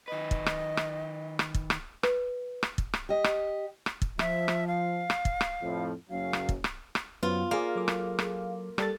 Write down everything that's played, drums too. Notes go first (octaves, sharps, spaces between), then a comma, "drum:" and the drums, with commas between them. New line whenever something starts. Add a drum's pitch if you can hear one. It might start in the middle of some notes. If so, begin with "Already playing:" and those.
D#3 B4 D#5
drum: kick
drum: rim click
drum: rim click
drum: rim click
drum: kick
drum: rim click
B4, drum: rim click
drum: rim click
drum: kick
drum: rim click
G4 D#5
drum: rim click
drum: rim click
drum: kick
F3 E5, drum: rim click
drum: rim click
F5
drum: rim click
drum: kick
drum: rim click
F2 A2 F3
F#1 F#3 C#4 F5
drum: rim click
drum: kick
drum: rim click
drum: rim click
F#2 F#3 B3 F4 F#5
A#3 G#4 D5 F5
F#3 A4 D6
drum: rim click
drum: rim click
G3 A4 A6, drum: rim click